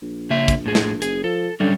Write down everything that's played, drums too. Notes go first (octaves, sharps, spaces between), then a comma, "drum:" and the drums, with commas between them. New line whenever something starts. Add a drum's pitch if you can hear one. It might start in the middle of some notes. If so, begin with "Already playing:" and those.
A#1
C#3 A#3 E5
drum: kick, hi-hat
A2 G#4
drum: snare
F#1 G#4, drum: hi-hat
F3 A4
D3 F#3 G3 C#4